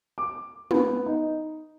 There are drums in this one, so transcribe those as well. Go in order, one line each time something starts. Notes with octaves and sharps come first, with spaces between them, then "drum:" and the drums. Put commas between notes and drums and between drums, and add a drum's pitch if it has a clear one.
D6
B3, drum: tom
D#4